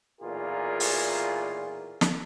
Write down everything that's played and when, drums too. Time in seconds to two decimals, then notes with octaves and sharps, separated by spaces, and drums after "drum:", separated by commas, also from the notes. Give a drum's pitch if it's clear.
0.21 B1 E2 A#2 F4 G#4 A#4
0.80 drum: open hi-hat
2.01 drum: snare